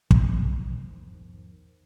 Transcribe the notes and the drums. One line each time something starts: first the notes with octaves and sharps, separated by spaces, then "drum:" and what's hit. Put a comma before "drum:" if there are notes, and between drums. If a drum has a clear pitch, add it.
E2 G#2 D#3 F3, drum: kick